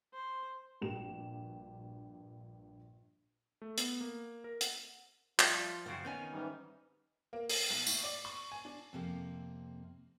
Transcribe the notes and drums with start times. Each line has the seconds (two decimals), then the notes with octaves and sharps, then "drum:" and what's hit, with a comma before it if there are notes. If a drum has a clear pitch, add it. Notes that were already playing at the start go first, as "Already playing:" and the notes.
0.13 C5
0.81 A#1 G2 F#4 G4 E7
3.62 A3
3.78 B3, drum: hi-hat
4.01 A#3
4.44 A#4
4.61 F#5, drum: hi-hat
5.39 F3 G3 F4 E5, drum: clap
5.86 F#2 C#3 C4 F#4 C5
6.05 D#3 B3 C#4 D#4 G#5
6.32 G#2 E3 G3
7.33 A#3
7.49 A#4, drum: open hi-hat
7.70 B1
7.87 A2, drum: tambourine
8.04 D5
8.25 C#6
8.52 G#5
8.65 D4
8.93 F2 C3 A#3